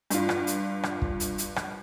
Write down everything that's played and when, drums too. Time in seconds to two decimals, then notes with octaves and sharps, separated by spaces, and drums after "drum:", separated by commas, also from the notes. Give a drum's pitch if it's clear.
0.10 G2 F4, drum: hi-hat
0.29 drum: rim click
0.47 drum: hi-hat
0.83 drum: rim click
1.02 drum: kick
1.20 drum: hi-hat
1.38 drum: hi-hat
1.56 drum: rim click